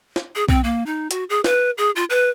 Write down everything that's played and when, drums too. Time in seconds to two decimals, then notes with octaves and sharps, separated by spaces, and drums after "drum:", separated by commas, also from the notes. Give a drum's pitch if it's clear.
0.16 drum: snare
0.36 G#4
0.49 C4, drum: kick B1
0.64 A#3
0.86 D#4
1.11 F#4, drum: hi-hat
1.30 G#4
1.44 B4, drum: snare
1.78 G#4
1.96 F4
2.10 B4